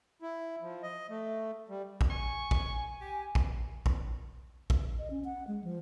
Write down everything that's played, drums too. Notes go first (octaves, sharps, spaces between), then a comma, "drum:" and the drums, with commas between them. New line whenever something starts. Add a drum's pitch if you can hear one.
E4
F3
D#5
A3
G3
drum: kick A1
G#5 C#6
drum: kick A1
G4
drum: kick A1
drum: kick A1
drum: kick A1
D#5
C#4
F#5
G#3
F3